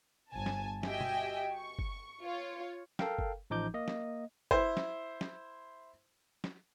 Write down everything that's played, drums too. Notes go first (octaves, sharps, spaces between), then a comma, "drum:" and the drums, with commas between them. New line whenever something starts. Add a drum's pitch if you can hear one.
G1 G#5 A5
drum: snare
F#4 G4 D#5 E5 G5 G#5, drum: snare
drum: tom
C#6
drum: kick
F4 C#5
A4 A#4 F5 G5, drum: snare
drum: kick
A1 F3 D#4 D6 G6
A#3 D#5
drum: snare
E4 C5, drum: kick
drum: snare
drum: snare
drum: snare